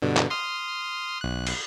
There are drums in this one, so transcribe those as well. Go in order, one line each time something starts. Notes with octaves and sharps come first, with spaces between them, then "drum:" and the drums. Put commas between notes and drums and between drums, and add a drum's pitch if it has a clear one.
G2 B2 D3
drum: clap
C6 D#6 F6
B1 F#6
drum: cymbal